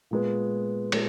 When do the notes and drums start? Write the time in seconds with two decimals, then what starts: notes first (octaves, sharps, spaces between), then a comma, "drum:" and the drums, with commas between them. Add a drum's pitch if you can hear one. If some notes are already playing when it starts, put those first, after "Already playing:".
0.11 A#2 G#3 B3
0.92 A#2 G#3, drum: cymbal